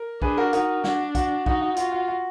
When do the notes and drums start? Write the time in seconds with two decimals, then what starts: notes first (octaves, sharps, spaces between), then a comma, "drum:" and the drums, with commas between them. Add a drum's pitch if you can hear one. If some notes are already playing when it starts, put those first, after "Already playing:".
Already playing: A#4
0.22 D4 G#4 B4, drum: kick
0.37 F#4 A#4
0.53 D#4 F#4 A#4, drum: hi-hat
0.84 D4 F#4, drum: snare
1.15 F#4, drum: kick, hi-hat
1.46 D#4 F#4, drum: kick
1.61 F#4
1.77 F4 F#4, drum: hi-hat
1.92 F#4
2.08 F#4